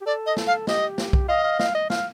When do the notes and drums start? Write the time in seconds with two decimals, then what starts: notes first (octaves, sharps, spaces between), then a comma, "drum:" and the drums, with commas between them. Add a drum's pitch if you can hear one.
0.01 G4
0.06 A4 D5
0.26 D#5
0.37 drum: snare
0.47 F5
0.67 G4 D#5, drum: snare
0.98 drum: snare
1.13 drum: kick B1
1.28 D#5 F5
1.44 F5
1.59 F5, drum: snare
1.75 D#5
1.90 F5, drum: snare